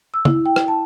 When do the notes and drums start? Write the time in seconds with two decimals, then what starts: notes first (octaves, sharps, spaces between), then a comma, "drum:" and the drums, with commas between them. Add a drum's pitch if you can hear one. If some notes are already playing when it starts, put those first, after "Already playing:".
0.14 E6
0.25 E4, drum: tom
0.46 G5
0.56 drum: rim click
0.68 A5